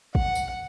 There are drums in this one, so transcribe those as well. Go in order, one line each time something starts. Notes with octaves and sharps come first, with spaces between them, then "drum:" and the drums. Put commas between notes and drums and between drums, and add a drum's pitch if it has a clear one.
F#5, drum: kick
drum: tambourine